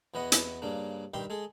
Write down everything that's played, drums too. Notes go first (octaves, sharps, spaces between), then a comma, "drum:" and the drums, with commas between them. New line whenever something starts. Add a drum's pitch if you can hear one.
E2 E3 B3 F#4 D#5 F#5
drum: hi-hat
G2 C#3 A#3 D4
G2 D#3 G4 E5 B5 C6
G#3 G#4 A4